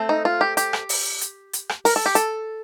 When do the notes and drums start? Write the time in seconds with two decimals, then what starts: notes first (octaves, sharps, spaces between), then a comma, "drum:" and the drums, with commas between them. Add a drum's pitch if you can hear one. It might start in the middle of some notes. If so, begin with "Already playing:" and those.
Already playing: A3 C4
0.09 D#4
0.25 F4
0.41 G4
0.57 G4, drum: hi-hat
0.73 drum: rim click
0.89 drum: open hi-hat
1.21 drum: hi-hat
1.53 drum: hi-hat
1.69 drum: rim click
1.85 A#4, drum: open hi-hat
1.96 A4
2.06 G4
2.15 A4, drum: hi-hat